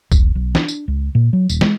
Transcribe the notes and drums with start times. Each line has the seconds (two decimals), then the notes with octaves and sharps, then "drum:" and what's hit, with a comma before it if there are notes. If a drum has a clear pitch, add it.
0.12 D#2, drum: kick A#1, tambourine
0.35 B1
0.55 D4, drum: snare
0.68 drum: tambourine
0.88 C#2
1.15 A#2
1.33 F#3
1.49 D#1, drum: tambourine
1.61 G#3, drum: snare